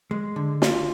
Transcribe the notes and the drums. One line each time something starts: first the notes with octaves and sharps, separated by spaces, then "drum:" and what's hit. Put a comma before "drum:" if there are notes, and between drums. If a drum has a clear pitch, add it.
G#3
D3
F4, drum: snare